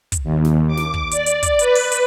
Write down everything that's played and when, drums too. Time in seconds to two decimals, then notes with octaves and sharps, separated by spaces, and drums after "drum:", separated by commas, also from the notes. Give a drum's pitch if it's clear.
0.12 drum: kick, hi-hat
0.24 D#2
0.45 drum: snare
0.68 D6
0.77 drum: snare
0.94 drum: kick
1.11 D5, drum: hi-hat
1.26 drum: hi-hat
1.43 drum: kick, hi-hat
1.59 B4, drum: hi-hat
1.75 drum: open hi-hat
1.92 drum: hi-hat